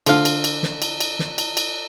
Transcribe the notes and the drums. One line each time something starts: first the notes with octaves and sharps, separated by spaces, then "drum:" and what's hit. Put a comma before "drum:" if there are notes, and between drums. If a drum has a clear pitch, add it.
D3 F3 F5, drum: cymbal
drum: cymbal
drum: cymbal
drum: snare
drum: cymbal
drum: cymbal
drum: snare
drum: cymbal
drum: cymbal